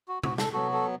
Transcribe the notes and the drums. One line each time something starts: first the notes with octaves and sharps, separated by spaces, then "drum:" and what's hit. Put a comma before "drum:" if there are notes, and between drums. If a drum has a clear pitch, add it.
F#4
F#4, drum: tom C3
A4, drum: snare
F#3 B3 F#4 A4
A4